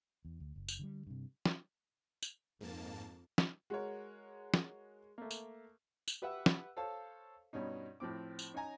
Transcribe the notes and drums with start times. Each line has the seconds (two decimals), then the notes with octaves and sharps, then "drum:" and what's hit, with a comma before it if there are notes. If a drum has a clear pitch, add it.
0.25 E2
0.40 D2
0.56 F#1
0.68 drum: tambourine
0.79 D3 F#3 G3
1.07 G2 C3
1.46 drum: snare
2.23 drum: tambourine
2.61 F2 G#2 A#3 A5
3.38 drum: snare
3.70 G#3 F#4 A#4 C#5
4.54 drum: snare
5.18 A3 A#3
5.31 drum: tambourine
6.08 drum: tambourine
6.22 G4 B4 E5 F#5 E6
6.46 drum: snare
6.77 A4 C5 C#5 F5 A5
7.53 G2 B2 C#4 D#4
8.00 A2 F3 C4 D6
8.39 drum: tambourine
8.54 C#4 D#4 C#5 G#5 A#5